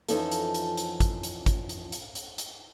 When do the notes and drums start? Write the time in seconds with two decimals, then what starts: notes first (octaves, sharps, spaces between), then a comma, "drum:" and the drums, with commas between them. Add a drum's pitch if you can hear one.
0.09 F2 E3 F3 C#4 D#4 A4, drum: hi-hat
0.31 drum: hi-hat
0.54 drum: hi-hat
0.77 drum: hi-hat
1.00 drum: kick, hi-hat
1.23 drum: hi-hat
1.46 drum: kick, hi-hat
1.69 drum: hi-hat
1.92 drum: hi-hat
2.15 drum: hi-hat
2.38 drum: hi-hat